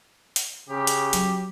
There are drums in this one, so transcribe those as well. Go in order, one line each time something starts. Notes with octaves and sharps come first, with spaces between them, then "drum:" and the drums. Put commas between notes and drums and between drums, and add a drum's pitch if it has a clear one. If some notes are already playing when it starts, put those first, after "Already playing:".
drum: hi-hat
C#3 G4
drum: hi-hat
F#3, drum: hi-hat